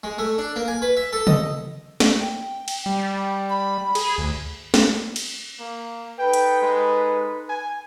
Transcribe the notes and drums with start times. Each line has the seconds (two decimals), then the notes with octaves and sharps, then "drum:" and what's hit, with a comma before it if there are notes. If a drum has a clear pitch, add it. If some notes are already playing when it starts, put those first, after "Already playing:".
0.03 G#3
0.18 A3
0.38 D4
0.56 A#3
0.68 G#5
0.82 B4
0.97 E5
1.13 A4
1.27 D#5, drum: tom
2.00 drum: snare
2.20 G5
2.68 drum: cymbal
2.86 G3
3.49 B5
3.95 G#4, drum: cymbal
4.18 D2
4.74 drum: snare
5.16 drum: cymbal
5.60 A#3
6.19 D#4 A4 B4 G5
6.33 drum: hi-hat
6.62 G#3
7.49 G#5